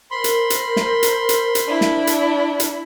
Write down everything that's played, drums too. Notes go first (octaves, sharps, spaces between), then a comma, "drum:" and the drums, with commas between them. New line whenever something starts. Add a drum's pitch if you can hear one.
A#4 C5 B5 C6
drum: hi-hat
drum: hi-hat
drum: snare
drum: hi-hat
drum: hi-hat
drum: hi-hat
D4 E4
drum: snare
drum: hi-hat
drum: hi-hat